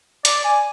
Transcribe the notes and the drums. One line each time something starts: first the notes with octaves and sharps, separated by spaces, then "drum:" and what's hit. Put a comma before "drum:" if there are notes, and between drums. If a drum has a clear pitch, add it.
D5, drum: hi-hat
G#5